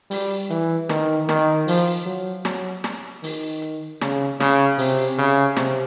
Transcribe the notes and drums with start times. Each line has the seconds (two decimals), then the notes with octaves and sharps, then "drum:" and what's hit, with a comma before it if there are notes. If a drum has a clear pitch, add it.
0.11 G3, drum: open hi-hat
0.50 E3, drum: hi-hat
0.90 D#3, drum: snare
1.29 D#3, drum: snare
1.68 F3, drum: open hi-hat
2.06 F#3
2.45 F#3, drum: snare
2.84 drum: snare
3.24 D#3, drum: open hi-hat
3.62 drum: hi-hat
4.02 C#3, drum: snare
4.40 C#3, drum: snare
4.79 C3, drum: open hi-hat
5.18 C#3, drum: hi-hat
5.57 C3, drum: snare